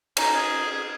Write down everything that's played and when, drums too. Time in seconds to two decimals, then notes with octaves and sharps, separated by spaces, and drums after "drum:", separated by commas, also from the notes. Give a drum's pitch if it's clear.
0.17 C#4 D#4, drum: cymbal
0.35 G#4
0.72 G#4